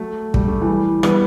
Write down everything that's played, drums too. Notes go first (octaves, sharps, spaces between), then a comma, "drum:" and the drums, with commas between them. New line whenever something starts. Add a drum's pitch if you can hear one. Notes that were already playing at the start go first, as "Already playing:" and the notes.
Already playing: F#3 A3
G3, drum: kick
A3
E3 G3
G3 B3, drum: rim click